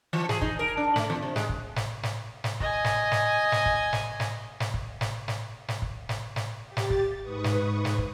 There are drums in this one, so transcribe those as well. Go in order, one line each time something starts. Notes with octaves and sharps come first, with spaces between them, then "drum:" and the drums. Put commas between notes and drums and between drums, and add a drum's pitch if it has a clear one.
E3
G#4, drum: snare
D#4, drum: kick
A#4
D4
A3, drum: snare
E2
C3
G#3, drum: snare
drum: kick
drum: snare
drum: snare
drum: snare
D#5 G#5, drum: kick
drum: snare
drum: snare
drum: snare
drum: kick
drum: snare
drum: snare
drum: snare
drum: kick
drum: snare
drum: snare
drum: snare
drum: kick
drum: snare
drum: snare
G4 A6
drum: snare
drum: kick
G#2 B4 C#6 D#6
drum: snare
drum: snare
drum: kick